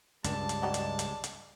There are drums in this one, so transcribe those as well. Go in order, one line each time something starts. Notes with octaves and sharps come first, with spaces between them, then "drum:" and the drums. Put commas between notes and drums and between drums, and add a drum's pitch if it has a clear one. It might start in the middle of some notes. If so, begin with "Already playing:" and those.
C#2 G2 G#3 D5 A5, drum: hi-hat
drum: hi-hat
F#3 G3 D#4
drum: hi-hat
drum: hi-hat
drum: hi-hat